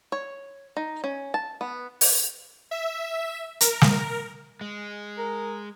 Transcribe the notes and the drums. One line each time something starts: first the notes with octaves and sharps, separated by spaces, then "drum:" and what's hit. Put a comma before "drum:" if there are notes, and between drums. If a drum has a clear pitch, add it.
C#5
D#4
C#4
A5
B3
drum: open hi-hat
E5
A#4, drum: hi-hat
drum: snare
G#3
A#4